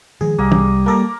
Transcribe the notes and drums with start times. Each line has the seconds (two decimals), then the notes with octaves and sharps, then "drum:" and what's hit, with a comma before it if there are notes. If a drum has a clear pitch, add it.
0.21 D#3 F3 G#3 G#4
0.38 C2 G3 A#3 D#5
0.52 drum: tom
0.86 A#3 A4 A#4 D5 A#5